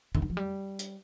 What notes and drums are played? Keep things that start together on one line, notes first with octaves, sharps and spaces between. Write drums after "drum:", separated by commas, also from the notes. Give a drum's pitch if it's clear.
D3, drum: tom F2
D#3
F3
G3
drum: hi-hat